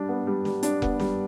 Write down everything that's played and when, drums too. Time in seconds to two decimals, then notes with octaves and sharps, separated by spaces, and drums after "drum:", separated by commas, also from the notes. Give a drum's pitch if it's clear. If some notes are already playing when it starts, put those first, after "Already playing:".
Already playing: G3 D4
0.09 B3
0.27 G3
0.45 G3, drum: snare
0.63 D4, drum: hi-hat
0.82 B3, drum: kick F1
0.99 G3, drum: snare